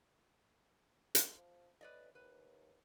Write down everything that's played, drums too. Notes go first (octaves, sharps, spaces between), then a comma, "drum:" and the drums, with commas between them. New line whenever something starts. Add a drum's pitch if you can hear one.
drum: hi-hat
F3
A2 B4 D5 D#5
D#2 B4